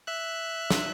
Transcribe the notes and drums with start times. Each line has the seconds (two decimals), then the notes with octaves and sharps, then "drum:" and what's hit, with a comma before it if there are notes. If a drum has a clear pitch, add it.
0.07 E5 F#6
0.70 drum: snare